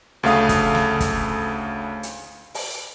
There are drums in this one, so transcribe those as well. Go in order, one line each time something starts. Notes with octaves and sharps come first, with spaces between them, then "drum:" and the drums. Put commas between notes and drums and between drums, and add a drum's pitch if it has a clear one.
D2 C#3 A3 F5 D#6
drum: kick, hi-hat
drum: snare
drum: kick, hi-hat
drum: hi-hat
drum: open hi-hat